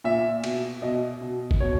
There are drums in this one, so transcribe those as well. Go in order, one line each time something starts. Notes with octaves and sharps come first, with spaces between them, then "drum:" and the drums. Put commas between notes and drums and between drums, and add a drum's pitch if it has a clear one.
A#2 E5
B2, drum: cymbal
B2 D#5
B2
drum: kick
B2 C#5